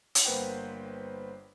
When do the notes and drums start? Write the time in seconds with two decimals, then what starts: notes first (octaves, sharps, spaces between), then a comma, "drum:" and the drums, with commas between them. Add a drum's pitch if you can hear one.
0.15 drum: hi-hat
0.25 G1 A#3 B4 C5 F#5 G5